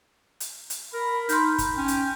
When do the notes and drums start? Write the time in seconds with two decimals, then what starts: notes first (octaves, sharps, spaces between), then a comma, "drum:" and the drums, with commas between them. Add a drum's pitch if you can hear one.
0.40 drum: hi-hat
0.70 drum: hi-hat
0.94 A#4 B5
1.29 D#4 C6 F6 G6, drum: hi-hat
1.58 drum: kick, hi-hat
1.78 C#4 G5
1.88 drum: hi-hat